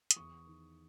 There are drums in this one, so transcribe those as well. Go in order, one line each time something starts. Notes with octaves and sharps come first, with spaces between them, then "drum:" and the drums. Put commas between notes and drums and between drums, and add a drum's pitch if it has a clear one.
D#6, drum: hi-hat
E2 C#6
D#3